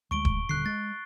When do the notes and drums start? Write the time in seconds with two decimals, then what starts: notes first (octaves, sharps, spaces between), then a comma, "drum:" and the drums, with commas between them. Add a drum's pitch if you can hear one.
0.11 D2 G#3 C#6 D7 G7
0.25 drum: kick D#1
0.49 D#1 D3 F#6 C7
0.66 G#3 A6